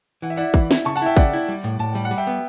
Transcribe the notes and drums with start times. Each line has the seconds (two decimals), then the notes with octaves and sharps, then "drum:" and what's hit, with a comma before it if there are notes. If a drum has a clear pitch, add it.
0.22 E3 F#5
0.30 E5
0.37 E4 D5 F#5
0.54 E3, drum: kick
0.71 E4, drum: snare
0.85 C#3 A5 C#6
0.96 F#5 A5
1.02 E4 E5 G5
1.17 C#3 D5 F#5, drum: kick
1.33 E4, drum: hi-hat
1.48 G3
1.64 A2
1.79 A2 A5
1.92 G3 G5
2.05 F#5
2.11 G3
2.18 E5 G5
2.27 B3